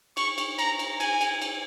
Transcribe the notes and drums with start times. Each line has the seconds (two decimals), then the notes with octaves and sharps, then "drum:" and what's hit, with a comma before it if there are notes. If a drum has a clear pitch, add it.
0.17 C#6, drum: cymbal
0.38 drum: cymbal
0.59 A#5, drum: cymbal
0.79 drum: cymbal
1.00 G#5, drum: cymbal
1.21 drum: cymbal
1.42 drum: cymbal